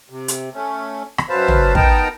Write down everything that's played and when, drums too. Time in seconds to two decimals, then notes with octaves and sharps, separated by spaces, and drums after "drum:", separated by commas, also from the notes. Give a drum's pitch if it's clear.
0.10 C3
0.28 drum: hi-hat
0.54 A3 C#4
1.18 drum: rim click
1.29 F#2 F#3 B4 C5 F5 A5
1.48 drum: tom
1.75 B3 D#4 A#4 G5 A5 A#5, drum: kick